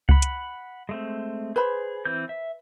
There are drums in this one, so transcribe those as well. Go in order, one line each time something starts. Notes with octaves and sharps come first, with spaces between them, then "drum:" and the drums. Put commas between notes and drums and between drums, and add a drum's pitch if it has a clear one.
F#5 B5, drum: kick C#2
drum: hi-hat
G#3 A3 C4
G#4 B4 C5 B5
E3 C4 G6
E5